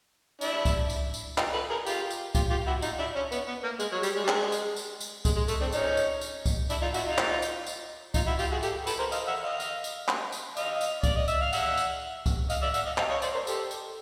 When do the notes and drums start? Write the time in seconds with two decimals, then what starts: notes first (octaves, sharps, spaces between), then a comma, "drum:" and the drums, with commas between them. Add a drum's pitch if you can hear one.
0.41 D4 E4, drum: tambourine
0.65 drum: kick C#2, tambourine
0.90 drum: tambourine
1.14 drum: tambourine
1.38 D#4 F4, drum: clap
1.53 A4 B4
1.70 G#4 A#4
1.86 F4 G4, drum: tambourine
2.10 drum: tambourine
2.35 F4 G4, drum: kick C#2, tambourine
2.50 F4 G4
2.67 E4 F#4
2.82 D#4 F4, drum: tambourine
2.99 D4 E4
3.16 C#4
3.32 B3, drum: tambourine
3.48 B3
3.64 A#3
3.80 G#3, drum: tambourine
3.92 F#3
4.03 G3, drum: tambourine
4.16 G#3
4.24 G3
4.28 G#3, drum: clap
4.52 drum: tambourine
4.76 drum: tambourine
5.01 drum: tambourine
5.25 G#3, drum: kick C#2, tambourine
5.36 G#3
5.48 A3, drum: tambourine
5.61 C4 D4
5.72 C#4 D#4, drum: tambourine
5.97 drum: tambourine
6.21 drum: tambourine
6.46 drum: kick C#2, tambourine
6.70 D4 E4, drum: tambourine
6.82 D#4 F4
6.94 E4 F#4, drum: tambourine
7.06 D#4 F4
7.18 drum: clap
7.42 drum: tambourine
7.66 drum: tambourine
8.14 D#4 F4, drum: kick C#2, tambourine
8.27 E4 F#4
8.39 F4 G4, drum: tambourine
8.51 F#4 G#4
8.63 G4 A4, drum: tambourine
8.87 A4 B4, drum: tambourine
8.99 A#4 C5
9.12 D#5 F5, drum: tambourine
9.28 E5 F#5
9.43 D#5 F5
9.60 drum: tambourine
9.84 drum: tambourine
10.08 drum: clap
10.32 drum: tambourine
10.57 D#5 F5, drum: tambourine
10.81 drum: tambourine
11.03 D5, drum: kick C#2, tambourine
11.16 D#5
11.28 E5, drum: tambourine
11.41 F5
11.53 E5 F#5, drum: tambourine
11.77 drum: tambourine
12.26 drum: kick C#2, tambourine
12.50 D#5 F5, drum: tambourine
12.62 D5 E5
12.74 E5 F#5, drum: tambourine
12.86 D#5 F5
12.98 D#5 F5, drum: clap
13.10 C#5 D#5
13.22 C5 D5, drum: tambourine
13.34 A#4 C5
13.47 G4 A4, drum: tambourine
13.71 drum: tambourine